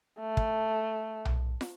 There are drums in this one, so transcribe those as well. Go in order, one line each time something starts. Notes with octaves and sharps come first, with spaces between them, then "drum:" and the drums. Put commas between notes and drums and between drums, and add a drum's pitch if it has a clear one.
A3
drum: kick
drum: tom B1
drum: snare